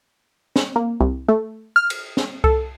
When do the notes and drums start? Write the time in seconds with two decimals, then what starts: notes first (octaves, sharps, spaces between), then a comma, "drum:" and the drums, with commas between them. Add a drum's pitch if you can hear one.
0.56 drum: snare
0.76 A#3
1.00 C2
1.28 A3
1.76 F6
1.90 drum: cymbal
2.17 drum: snare
2.44 A4, drum: kick C2